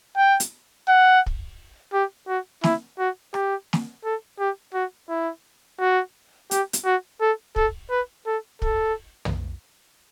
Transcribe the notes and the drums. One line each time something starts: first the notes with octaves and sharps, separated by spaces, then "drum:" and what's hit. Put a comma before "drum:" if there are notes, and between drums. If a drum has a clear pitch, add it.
G5
drum: hi-hat
F#5
drum: kick
G4
F#4
E4, drum: snare
F#4
G4, drum: rim click
drum: snare
A4
G4
F#4
E4
F#4
G4, drum: hi-hat
drum: hi-hat
F#4
A4
A4, drum: kick
B4
A4
A4, drum: kick
drum: tom